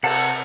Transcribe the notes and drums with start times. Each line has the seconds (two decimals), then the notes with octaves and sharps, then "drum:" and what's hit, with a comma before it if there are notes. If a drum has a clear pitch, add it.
0.03 C3 F#5 A5, drum: cymbal